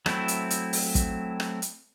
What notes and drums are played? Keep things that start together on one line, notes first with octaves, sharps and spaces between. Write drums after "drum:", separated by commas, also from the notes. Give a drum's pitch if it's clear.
F#3 A3 C4 E4, drum: rim click
drum: hi-hat
drum: hi-hat
drum: open hi-hat
drum: kick, hi-hat
drum: rim click
drum: hi-hat